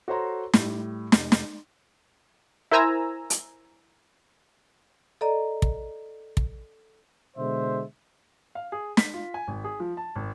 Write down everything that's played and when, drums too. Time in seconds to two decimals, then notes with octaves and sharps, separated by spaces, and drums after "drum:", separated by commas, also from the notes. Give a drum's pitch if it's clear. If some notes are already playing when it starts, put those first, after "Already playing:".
0.08 F#4 A4 C5 C#5 A#5 C6
0.54 A2 G3, drum: snare
1.12 F1, drum: snare
1.32 drum: snare
2.71 E4 A#4 C5 G#5 A#5 E6
3.30 drum: hi-hat
5.21 A4 D5 D#5 A#5
5.62 drum: kick
6.37 drum: kick
7.37 B2 D3 G#3 C5 E5
8.55 F5
8.72 G#4
8.97 B6, drum: snare
9.14 F4
9.34 G#5
9.47 G#1
9.64 G#4
9.80 F3
9.97 A5
10.16 G#1